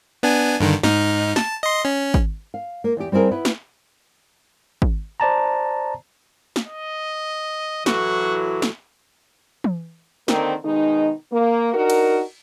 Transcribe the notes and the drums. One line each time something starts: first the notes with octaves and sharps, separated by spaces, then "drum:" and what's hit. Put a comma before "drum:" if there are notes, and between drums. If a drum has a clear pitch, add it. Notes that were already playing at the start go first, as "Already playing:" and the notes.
B3 D4 G#5
G2 D3 D#3
G#2 D#4 F6, drum: snare
A5, drum: snare
D#5 C6
C#4
drum: kick G#1
F5
A#3
E2 G4
G3 C4 E4 G#4 A#4
B3 E4 B4
drum: snare
drum: kick G#1
C5 D5 A5 A#5
drum: snare
D#5
A2 E3 F#3 F#4, drum: snare
drum: snare
drum: tom E3
D3 D#3 A#3 C4, drum: snare
B2 D#3 G#3 D#4
A#3
D4 D#4 F#4 A#4
drum: cymbal